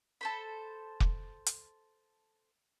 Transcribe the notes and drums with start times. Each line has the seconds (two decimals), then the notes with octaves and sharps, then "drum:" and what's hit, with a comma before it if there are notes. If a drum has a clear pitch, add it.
0.21 A4 C5 B5
1.00 drum: kick
1.46 drum: hi-hat